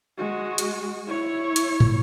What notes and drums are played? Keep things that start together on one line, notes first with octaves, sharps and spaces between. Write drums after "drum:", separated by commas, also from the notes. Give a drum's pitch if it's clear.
G#3 F#4
drum: hi-hat
E4 C#5
drum: hi-hat
drum: tom